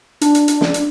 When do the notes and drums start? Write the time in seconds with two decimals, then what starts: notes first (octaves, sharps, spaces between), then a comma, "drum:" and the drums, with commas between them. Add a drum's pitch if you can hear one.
0.21 D4, drum: hi-hat
0.35 drum: hi-hat
0.48 drum: hi-hat
0.61 drum: snare
0.74 drum: hi-hat